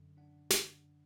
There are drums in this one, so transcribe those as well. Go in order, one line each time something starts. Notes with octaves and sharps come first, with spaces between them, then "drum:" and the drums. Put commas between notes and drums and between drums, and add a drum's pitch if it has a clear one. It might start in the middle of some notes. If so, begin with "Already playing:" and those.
Already playing: F#2 D3
D4 F#5
drum: snare